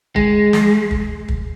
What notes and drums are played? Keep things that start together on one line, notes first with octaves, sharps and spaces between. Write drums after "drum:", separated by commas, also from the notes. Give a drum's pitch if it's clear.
G#3, drum: kick
drum: snare
drum: kick
drum: kick